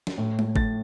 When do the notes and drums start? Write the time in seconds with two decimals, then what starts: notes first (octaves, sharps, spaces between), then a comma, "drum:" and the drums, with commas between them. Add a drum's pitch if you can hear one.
0.07 drum: snare
0.18 A2
0.39 drum: tom
0.56 A2 A6, drum: kick G#1